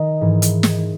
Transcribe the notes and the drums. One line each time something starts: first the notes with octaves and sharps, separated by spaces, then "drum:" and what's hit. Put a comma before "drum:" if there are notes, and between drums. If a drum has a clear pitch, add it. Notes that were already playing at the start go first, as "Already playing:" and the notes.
Already playing: D#3 D#5
G#2 E3
drum: hi-hat
drum: snare